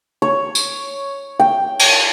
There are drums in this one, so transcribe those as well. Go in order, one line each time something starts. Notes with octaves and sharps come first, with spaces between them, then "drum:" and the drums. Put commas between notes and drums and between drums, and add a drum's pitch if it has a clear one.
C#5
drum: tambourine
G5
drum: cymbal